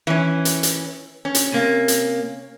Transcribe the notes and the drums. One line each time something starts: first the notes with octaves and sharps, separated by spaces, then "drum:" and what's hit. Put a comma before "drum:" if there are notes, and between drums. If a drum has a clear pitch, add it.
E3 C#4
drum: hi-hat
drum: hi-hat
C#4
drum: hi-hat
C3 A#3
drum: hi-hat